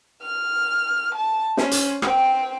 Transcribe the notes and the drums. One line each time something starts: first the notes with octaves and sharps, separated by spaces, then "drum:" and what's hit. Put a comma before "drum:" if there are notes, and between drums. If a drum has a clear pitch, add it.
F6
A5
C#4 C5, drum: snare
drum: hi-hat
C4 G5, drum: rim click